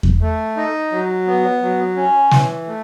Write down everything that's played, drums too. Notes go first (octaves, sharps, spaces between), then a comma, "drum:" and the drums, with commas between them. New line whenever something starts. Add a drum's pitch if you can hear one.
drum: kick E2
A3
D#4
F#3
B3
F#3
C#4
E3, drum: snare
A3